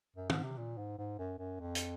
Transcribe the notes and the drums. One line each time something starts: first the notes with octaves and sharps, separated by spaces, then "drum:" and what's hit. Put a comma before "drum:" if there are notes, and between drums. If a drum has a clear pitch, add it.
F#2
G#2, drum: tom
C3
A#2
G#2
G#2
F#2
F#2
F2
drum: hi-hat